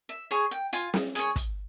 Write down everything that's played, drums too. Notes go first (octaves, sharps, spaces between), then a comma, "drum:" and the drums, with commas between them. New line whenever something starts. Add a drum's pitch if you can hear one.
E5
G#4 C#5
G5
F4 G#5, drum: hi-hat
drum: snare
G#4 C#5, drum: hi-hat
drum: kick, hi-hat